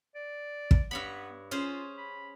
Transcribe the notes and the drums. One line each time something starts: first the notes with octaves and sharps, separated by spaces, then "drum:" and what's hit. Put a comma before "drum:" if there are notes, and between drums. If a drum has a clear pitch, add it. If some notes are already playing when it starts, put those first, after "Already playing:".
D5
drum: kick
G2 B3 C#5 B5
C#4 F4 G#4 C5
B5